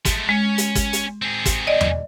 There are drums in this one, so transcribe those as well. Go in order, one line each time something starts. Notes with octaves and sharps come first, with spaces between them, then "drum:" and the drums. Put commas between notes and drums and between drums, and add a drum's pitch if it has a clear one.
G#3 A3, drum: kick, hi-hat
G#3 C#4
drum: hi-hat
drum: kick, hi-hat
drum: hi-hat
C4 G#4
drum: kick, hi-hat
D5 D#5
drum: tom E2